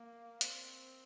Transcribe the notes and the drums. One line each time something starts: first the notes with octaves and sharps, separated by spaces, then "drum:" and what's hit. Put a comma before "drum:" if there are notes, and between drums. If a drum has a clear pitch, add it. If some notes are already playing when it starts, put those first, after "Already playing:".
Already playing: A#3
C4, drum: hi-hat